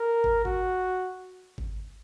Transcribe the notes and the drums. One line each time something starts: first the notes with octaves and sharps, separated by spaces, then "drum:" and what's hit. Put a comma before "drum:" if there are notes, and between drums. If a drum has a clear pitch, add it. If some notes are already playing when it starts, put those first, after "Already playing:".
Already playing: A#4
drum: kick
F#4, drum: kick
drum: kick